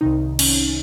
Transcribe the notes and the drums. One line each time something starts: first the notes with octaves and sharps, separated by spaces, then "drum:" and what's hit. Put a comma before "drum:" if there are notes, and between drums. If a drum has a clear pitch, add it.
C2 C3 D#3 D#4
C#4, drum: cymbal